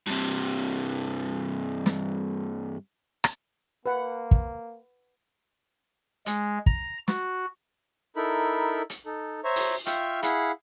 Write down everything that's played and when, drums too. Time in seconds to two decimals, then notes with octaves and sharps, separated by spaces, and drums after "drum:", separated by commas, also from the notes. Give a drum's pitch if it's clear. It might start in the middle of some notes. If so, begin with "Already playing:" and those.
0.07 G2 C3
1.86 drum: snare
3.24 drum: rim click
3.86 A#3 B4 F#5
4.31 drum: kick
6.26 G#3, drum: hi-hat
6.66 A#5, drum: kick
7.08 F#4, drum: snare
8.16 D#4 E4 A4 A#4 B5
8.90 drum: hi-hat
9.06 D#4 A4
9.44 C5 C#5 E5 A#5 C#6
9.56 drum: open hi-hat
9.86 F4 E5 G5 C6 C#6 F6, drum: hi-hat
10.23 E4 G#4 F5 F#5 B5, drum: hi-hat